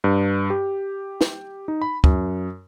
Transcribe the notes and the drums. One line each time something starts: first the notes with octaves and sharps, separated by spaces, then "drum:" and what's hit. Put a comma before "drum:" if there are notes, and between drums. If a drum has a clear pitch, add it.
G2
G4
drum: snare
D#4
B5
F#2, drum: kick